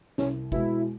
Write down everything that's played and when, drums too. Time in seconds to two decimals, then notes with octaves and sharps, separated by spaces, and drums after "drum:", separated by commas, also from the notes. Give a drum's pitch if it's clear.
0.18 C2 C#4, drum: snare
0.52 B2 G#3 E4, drum: kick